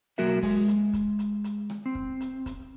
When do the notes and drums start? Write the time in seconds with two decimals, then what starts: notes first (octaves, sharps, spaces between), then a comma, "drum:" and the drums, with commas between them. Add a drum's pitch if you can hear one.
0.18 B1 F#3 A#3 F#4 A#4 E5
0.43 G#3, drum: kick, open hi-hat
0.68 drum: hi-hat
0.93 drum: kick, hi-hat
1.19 drum: hi-hat
1.44 drum: hi-hat
1.70 drum: rim click
1.86 C4
1.95 drum: kick
2.20 drum: hi-hat
2.46 drum: kick, hi-hat